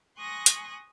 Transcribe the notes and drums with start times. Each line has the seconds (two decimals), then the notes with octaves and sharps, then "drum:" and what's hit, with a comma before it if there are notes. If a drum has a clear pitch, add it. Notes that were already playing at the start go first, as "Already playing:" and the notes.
0.18 G#5 C6 C#6 D#6 F#6 A#6
0.46 drum: hi-hat